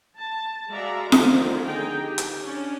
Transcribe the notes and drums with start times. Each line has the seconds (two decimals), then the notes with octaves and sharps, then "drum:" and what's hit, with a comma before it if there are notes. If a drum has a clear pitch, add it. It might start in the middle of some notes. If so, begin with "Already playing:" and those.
0.17 A5
0.70 G#3 F#4 D5 E5 F5 A#5
1.12 D3 D#3 F3 A3 C4, drum: snare F4
1.63 D3 D#4 G#4 G5 A#5
2.03 G4
2.18 drum: hi-hat
2.42 C#4 D4